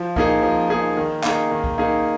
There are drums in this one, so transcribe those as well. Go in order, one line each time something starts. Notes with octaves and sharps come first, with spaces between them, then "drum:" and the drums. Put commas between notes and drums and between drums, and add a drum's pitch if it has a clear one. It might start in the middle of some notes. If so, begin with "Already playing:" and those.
Already playing: F3
A#3 D#4 G#4, drum: kick C2
F3
A#3 D#4 G#4
D#3
A#3 D#4 G#4, drum: clap
D#3
drum: kick C2
A#3 D#4 G#4